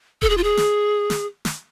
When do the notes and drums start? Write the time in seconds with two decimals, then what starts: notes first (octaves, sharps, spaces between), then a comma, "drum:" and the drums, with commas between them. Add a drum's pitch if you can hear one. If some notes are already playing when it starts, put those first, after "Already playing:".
0.22 A4, drum: kick D#1
0.30 G#4
0.37 F4
0.44 G#4
0.57 drum: snare
1.10 drum: snare
1.45 drum: snare